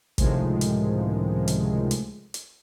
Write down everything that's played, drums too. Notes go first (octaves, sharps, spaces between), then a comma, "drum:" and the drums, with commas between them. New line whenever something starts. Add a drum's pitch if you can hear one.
C#2 A2 C3 D#3 F3 G#3, drum: kick, hi-hat
drum: hi-hat
drum: hi-hat
drum: hi-hat
drum: hi-hat